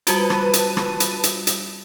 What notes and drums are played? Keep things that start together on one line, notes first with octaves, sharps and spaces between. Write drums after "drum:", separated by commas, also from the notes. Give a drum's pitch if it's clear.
G3 F4 F#4 B4 A5 D#7, drum: hi-hat
drum: rim click
drum: hi-hat
drum: rim click
drum: hi-hat
drum: hi-hat
drum: hi-hat